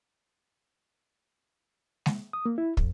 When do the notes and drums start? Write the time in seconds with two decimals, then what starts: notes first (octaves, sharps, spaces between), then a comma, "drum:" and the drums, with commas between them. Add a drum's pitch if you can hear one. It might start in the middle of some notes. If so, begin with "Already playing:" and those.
2.06 drum: snare G#3
2.33 D#6
2.46 A#3
2.58 E4
2.77 F2, drum: kick